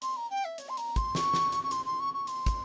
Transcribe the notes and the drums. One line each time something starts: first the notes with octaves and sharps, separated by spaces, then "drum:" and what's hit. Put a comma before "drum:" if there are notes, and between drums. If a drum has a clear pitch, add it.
C6, drum: hi-hat
A#5
G5
E5
C#5, drum: hi-hat
C6
A#5, drum: hi-hat
C6, drum: kick, hi-hat
C#6, drum: snare
drum: snare
drum: hi-hat
C#6
C6, drum: hi-hat
C6
C#6
C#6
C6, drum: hi-hat
drum: kick, hi-hat